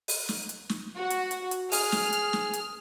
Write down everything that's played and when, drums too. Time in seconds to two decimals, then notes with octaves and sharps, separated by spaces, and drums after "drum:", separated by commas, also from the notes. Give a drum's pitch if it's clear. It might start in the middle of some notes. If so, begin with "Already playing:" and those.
0.08 drum: open hi-hat
0.29 drum: snare
0.49 drum: hi-hat
0.69 drum: snare
0.97 F#4
1.10 drum: hi-hat
1.31 drum: hi-hat
1.51 drum: hi-hat
1.72 G#4 F6, drum: open hi-hat
1.92 drum: snare
2.13 drum: hi-hat
2.33 drum: snare
2.53 drum: hi-hat